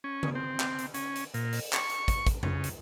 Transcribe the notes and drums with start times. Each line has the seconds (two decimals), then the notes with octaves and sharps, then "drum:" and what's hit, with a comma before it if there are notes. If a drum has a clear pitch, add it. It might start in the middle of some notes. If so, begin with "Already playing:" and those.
0.04 C#4
0.23 drum: tom C#3
0.35 C4
0.60 drum: clap
0.78 drum: hi-hat
0.94 C#4, drum: hi-hat
1.15 drum: hi-hat
1.34 A#2, drum: hi-hat
1.52 drum: open hi-hat
1.73 C#6, drum: clap
1.89 drum: hi-hat
2.08 drum: kick, hi-hat
2.27 drum: kick, hi-hat
2.43 C#3, drum: tom F2
2.64 drum: hi-hat